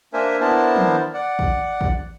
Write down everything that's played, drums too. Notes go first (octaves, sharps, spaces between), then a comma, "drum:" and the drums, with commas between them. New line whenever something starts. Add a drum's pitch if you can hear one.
A#3 D4 A#4 C5 E5 G#5
B3 D4 E4 A#4 C5 A5
drum: tom
D5 F#5
drum: kick A1
drum: kick A1